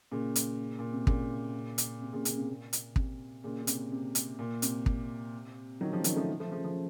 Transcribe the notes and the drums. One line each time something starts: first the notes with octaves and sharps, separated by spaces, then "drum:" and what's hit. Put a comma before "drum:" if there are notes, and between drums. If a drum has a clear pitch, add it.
A#2 C#3
drum: hi-hat
A#2
C3
A#2 C#3, drum: kick
drum: hi-hat
C3
A#2 C#3
A#2 C#3, drum: hi-hat
C3
A#2
drum: hi-hat
C3, drum: kick
A#2 C#3
C#3
C3, drum: hi-hat
C3
drum: hi-hat
A#2
C3, drum: hi-hat
drum: kick
D#3 F#3
C#3 F3
D#3 F#3, drum: hi-hat
F3 A3
F3 A3
C#3 F3
C#3 F3